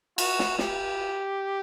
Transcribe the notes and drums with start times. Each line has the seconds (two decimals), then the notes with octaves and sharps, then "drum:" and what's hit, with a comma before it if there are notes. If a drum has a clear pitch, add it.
0.18 F#4, drum: cymbal
0.39 drum: snare
0.59 G4, drum: snare